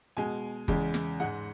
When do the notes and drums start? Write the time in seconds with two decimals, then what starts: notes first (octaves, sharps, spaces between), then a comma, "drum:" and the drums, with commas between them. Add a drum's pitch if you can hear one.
0.17 B2 G#3 G#5
0.68 E2 C#3 G#3, drum: kick F#1
0.94 drum: snare
1.20 G#2 G#3 F#5